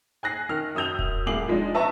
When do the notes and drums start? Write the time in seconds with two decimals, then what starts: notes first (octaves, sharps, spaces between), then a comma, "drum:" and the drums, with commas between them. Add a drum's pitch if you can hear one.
0.23 G#5 F#6 A#6 C7
0.49 D#3 F6
0.75 F#2 D#6 E6 G6 F7
0.99 drum: kick D#1
1.26 C2 A2 G#4 D6 C7 F#7
1.48 F3 G#3 D4 D#4
1.74 B4 E5 A5 A#5 C#6